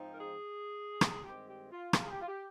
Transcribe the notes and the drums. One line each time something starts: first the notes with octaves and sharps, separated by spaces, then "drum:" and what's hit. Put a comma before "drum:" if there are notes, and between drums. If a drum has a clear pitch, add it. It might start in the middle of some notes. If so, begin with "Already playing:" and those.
Already playing: G#2 F3 C4 D#4
A#4
G#4
drum: rim click
G2 D#3 G#3 C4 G4
G4
F4
F4, drum: rim click
G#4
G4
F4
G4